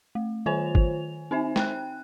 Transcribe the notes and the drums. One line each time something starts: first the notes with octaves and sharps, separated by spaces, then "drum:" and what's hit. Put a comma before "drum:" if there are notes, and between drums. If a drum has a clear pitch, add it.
A3
D#3 F4 C5 C#5 G#5 F7
drum: kick G1
C4 D#4 C5 E5 G#5
G5 F#6, drum: snare